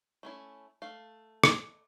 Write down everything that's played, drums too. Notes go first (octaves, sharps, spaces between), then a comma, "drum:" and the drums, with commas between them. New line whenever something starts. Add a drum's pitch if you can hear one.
A3 C#4 E4
A3 F5
drum: rim click